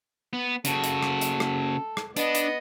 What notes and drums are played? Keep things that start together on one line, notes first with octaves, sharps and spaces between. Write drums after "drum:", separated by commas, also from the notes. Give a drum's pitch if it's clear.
B3
C#3 F#4 A4, drum: hi-hat
drum: hi-hat
drum: rim click
drum: hi-hat
drum: rim click
drum: rim click
B3 D4 D#5, drum: hi-hat
drum: hi-hat